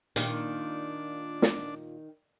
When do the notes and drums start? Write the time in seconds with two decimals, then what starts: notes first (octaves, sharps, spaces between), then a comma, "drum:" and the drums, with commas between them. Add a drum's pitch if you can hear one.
0.16 A#2 D#3 D4, drum: hi-hat
1.42 drum: snare